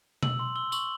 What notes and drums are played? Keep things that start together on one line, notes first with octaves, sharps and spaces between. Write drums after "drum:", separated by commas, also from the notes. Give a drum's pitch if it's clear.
E6 F#7, drum: tom B2
C6
E6 G7
C#6 F#7, drum: tambourine